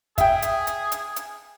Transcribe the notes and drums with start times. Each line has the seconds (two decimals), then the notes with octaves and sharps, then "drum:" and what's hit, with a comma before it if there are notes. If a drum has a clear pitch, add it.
0.18 G#4 E5 G5, drum: kick, hi-hat
0.42 drum: hi-hat
0.67 drum: hi-hat
0.92 drum: hi-hat
1.16 drum: hi-hat